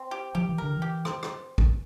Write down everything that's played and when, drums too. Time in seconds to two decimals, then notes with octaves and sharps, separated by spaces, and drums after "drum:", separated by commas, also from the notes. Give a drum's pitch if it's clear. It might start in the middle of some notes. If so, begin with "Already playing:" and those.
Already playing: C4
0.11 G4
0.35 F3 G4
0.49 E3
0.58 D3 A#4
0.77 E3
0.82 G4
1.05 C4, drum: rim click
1.23 drum: rim click
1.58 drum: kick